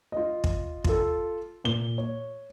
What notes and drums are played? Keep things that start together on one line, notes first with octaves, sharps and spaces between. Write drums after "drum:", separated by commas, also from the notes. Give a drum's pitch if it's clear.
F4 D#5
drum: kick
F4 A4, drum: kick
A#2 G7
C#5